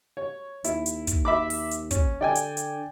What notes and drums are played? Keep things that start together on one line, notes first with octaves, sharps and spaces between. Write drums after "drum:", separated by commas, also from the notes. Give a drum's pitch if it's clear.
C#5
D#2 E4, drum: hi-hat
drum: hi-hat
drum: kick, hi-hat
E5 B5 D6
drum: open hi-hat
drum: hi-hat
C#4, drum: kick, hi-hat
D3 D5 G5 G#5
drum: hi-hat
drum: hi-hat